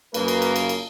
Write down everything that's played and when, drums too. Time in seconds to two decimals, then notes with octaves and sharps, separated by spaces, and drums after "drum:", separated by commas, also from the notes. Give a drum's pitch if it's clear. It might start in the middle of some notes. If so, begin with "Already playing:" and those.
0.14 F#2 C#3 A#3 B4, drum: cymbal
0.28 drum: cymbal
0.42 drum: cymbal
0.56 drum: cymbal
0.69 drum: cymbal